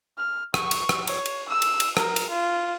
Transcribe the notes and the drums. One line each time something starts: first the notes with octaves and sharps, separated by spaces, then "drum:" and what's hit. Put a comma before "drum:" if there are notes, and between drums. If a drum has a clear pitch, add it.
F6
C#6, drum: rim click
drum: cymbal
drum: rim click
C#5, drum: cymbal
drum: cymbal
E6
drum: cymbal
drum: cymbal
A#4, drum: rim click
drum: cymbal
F4